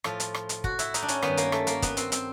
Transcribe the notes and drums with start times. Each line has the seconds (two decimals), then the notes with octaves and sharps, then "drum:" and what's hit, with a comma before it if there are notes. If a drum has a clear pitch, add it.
0.04 A2 F3 F4, drum: rim click
0.20 drum: hi-hat
0.34 drum: rim click
0.49 drum: hi-hat
0.64 F#4, drum: kick
0.79 E4, drum: hi-hat
0.94 D#4, drum: hi-hat
1.02 D4
1.08 C#4, drum: hi-hat
1.22 G2 D#3 B3, drum: rim click
1.37 A#3, drum: hi-hat
1.52 A3, drum: rim click
1.67 A#3, drum: hi-hat
1.82 B3, drum: kick, hi-hat
1.97 C4, drum: hi-hat
2.12 C4, drum: hi-hat